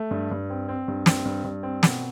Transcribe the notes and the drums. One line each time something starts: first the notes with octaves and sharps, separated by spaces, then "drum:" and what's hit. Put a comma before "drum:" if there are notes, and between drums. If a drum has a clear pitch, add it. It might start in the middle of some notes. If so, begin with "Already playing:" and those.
Already playing: A3
G2
G2
C4
C4
G2
C4, drum: snare
G2
G2
C4
B2, drum: snare